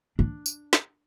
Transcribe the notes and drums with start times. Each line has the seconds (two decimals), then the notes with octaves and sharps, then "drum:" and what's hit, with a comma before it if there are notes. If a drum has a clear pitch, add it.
0.19 D4
0.46 drum: tambourine
0.73 drum: snare